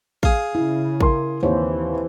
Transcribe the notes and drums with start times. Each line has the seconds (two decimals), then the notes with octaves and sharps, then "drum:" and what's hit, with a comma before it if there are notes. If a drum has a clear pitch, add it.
0.23 G#4 F5, drum: kick A1
0.55 C#3 E4
1.01 A#4 C6, drum: kick A1
1.43 D#2 E3 C4 G4 C5 C#5